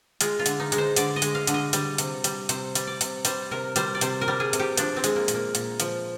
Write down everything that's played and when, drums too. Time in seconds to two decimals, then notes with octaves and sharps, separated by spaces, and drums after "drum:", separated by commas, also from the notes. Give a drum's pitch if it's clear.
0.21 G#3 F4, drum: hi-hat
0.39 F4
0.46 D3, drum: hi-hat
0.60 D#4
0.72 G#3, drum: hi-hat
0.78 C5
0.96 D3 D5, drum: hi-hat
1.16 D#5
1.22 G#3, drum: hi-hat
1.35 F5
1.47 D3, drum: hi-hat
1.54 D#5
1.73 G3, drum: hi-hat
1.98 C3, drum: hi-hat
2.24 G3, drum: hi-hat
2.49 C3 C5, drum: hi-hat
2.75 G3, drum: hi-hat
2.87 D5
3.01 C3, drum: hi-hat
3.25 G3 C5, drum: hi-hat
3.51 C3 A#4
3.76 G3 C5, drum: hi-hat
3.95 D5
4.01 C3 C5, drum: hi-hat
4.21 A#4
4.28 G3
4.40 G#4
4.53 C3, drum: hi-hat
4.59 G4
4.77 F3 D4, drum: hi-hat
4.96 C4
5.04 G#3, drum: hi-hat
5.16 A#3
5.28 A#2, drum: hi-hat
5.35 A#3
5.55 A#2, drum: hi-hat
5.80 F3, drum: hi-hat